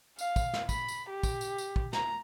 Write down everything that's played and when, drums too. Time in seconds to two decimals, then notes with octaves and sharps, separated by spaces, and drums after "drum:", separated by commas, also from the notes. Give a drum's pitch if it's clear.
0.19 F5, drum: tambourine
0.36 drum: kick, tambourine
0.54 drum: snare
0.69 B5, drum: kick, tambourine
0.88 drum: tambourine
1.10 G4
1.23 drum: kick, tambourine
1.41 drum: tambourine
1.58 drum: tambourine
1.76 drum: kick
1.93 A#5, drum: snare